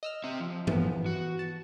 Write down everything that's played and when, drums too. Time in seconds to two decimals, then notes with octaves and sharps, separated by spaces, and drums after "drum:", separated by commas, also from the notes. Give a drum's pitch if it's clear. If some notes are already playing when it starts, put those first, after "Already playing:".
0.03 D#5 E6 F6
0.24 C4 E5
0.40 F3
0.67 E3 B3, drum: tom G2
1.06 F#4
1.39 A5